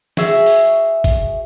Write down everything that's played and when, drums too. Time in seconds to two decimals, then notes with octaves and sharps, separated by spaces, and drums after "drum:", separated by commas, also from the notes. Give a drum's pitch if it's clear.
0.17 F#4 G#4 E5, drum: snare
0.46 drum: open hi-hat
1.04 drum: kick, hi-hat